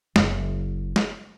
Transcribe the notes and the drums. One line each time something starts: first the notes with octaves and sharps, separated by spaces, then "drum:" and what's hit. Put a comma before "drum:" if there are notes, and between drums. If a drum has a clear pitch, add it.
F#1 A#3, drum: snare
drum: snare